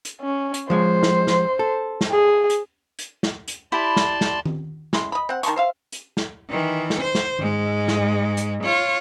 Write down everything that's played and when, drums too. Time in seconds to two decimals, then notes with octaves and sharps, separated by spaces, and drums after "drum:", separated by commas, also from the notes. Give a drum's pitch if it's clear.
0.05 drum: hi-hat
0.21 C#4
0.54 drum: hi-hat
0.70 F3 G#3 C5 C#5
1.03 drum: snare
1.27 drum: snare
1.59 A4
2.01 drum: snare
2.11 G#4
2.50 drum: hi-hat
2.99 drum: hi-hat
3.23 drum: snare
3.48 drum: hi-hat
3.72 E4 G4 D5 A5 B5 C6
3.97 drum: snare
4.21 drum: snare
4.46 drum: tom D#3
4.93 G#3 C#4 E4 C6, drum: snare
5.12 D#5 B5
5.29 C4 F#5
5.43 D#3 A5 C6 C#6, drum: hi-hat
5.56 C5 E5 F5
5.92 drum: hi-hat
6.17 drum: snare
6.49 D#3 E3
6.90 drum: snare
7.00 C5
7.15 drum: snare
7.39 G#2 G#3, drum: tom D#3
7.88 drum: snare
8.37 drum: hi-hat
8.63 F4 C#5